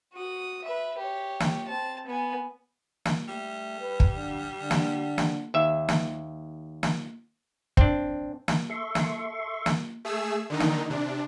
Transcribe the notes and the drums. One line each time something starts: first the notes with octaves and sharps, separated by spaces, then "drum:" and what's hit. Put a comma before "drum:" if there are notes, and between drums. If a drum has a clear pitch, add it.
F#4 D#6
B4 E5
G4 C#5
drum: snare
C4 A5
B3 G#5
drum: snare
G3 A3
B4
drum: kick
D3
D3
drum: snare
drum: snare
D#2 E5
drum: snare
drum: snare
C4 D4, drum: kick
drum: snare
A4 E5 C6 C#6
drum: snare
drum: snare
A3 G#4 E6
D3 D#3 D#4
drum: snare
C3 D4